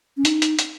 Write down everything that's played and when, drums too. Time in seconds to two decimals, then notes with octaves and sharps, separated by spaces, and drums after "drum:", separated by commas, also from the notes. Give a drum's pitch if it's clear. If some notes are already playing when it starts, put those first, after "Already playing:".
0.17 C#4
0.25 D#4, drum: hi-hat
0.42 drum: hi-hat
0.59 drum: hi-hat